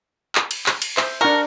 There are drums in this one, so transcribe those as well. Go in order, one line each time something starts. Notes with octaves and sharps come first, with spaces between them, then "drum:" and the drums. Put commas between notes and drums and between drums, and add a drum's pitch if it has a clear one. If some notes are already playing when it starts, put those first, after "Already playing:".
drum: clap
drum: cymbal
drum: clap
drum: cymbal
C5 E5 C6, drum: clap
D4 A#4 F#5 C#6